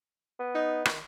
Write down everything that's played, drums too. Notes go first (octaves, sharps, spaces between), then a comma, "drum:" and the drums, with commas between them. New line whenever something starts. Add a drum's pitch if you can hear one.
B3
D#4
D#3, drum: rim click